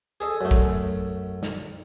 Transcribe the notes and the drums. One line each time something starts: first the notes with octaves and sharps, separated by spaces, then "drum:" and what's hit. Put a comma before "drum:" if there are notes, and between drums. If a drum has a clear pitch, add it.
G#4 A4 D#5
F#2 A3
drum: kick
drum: snare